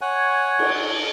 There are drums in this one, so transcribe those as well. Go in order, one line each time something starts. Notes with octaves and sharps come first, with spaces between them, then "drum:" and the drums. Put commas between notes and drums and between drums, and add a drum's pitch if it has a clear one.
C#5 F#5 G#5
drum: cymbal